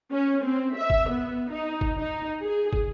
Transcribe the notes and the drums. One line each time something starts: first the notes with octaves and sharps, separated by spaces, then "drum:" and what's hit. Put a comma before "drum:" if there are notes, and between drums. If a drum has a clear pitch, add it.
C#4
C4
E5
drum: kick
B3
D#4
drum: kick
D#4
G#4
drum: kick